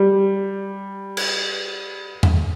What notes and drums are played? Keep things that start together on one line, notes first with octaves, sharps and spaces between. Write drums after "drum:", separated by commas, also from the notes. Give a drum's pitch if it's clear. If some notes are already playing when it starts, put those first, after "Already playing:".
Already playing: G3
drum: cymbal
drum: tom E2